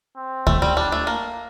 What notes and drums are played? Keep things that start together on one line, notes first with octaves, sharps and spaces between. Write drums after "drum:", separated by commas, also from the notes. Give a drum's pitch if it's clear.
C4
A3, drum: kick
G3
G3 D4
A3
A#3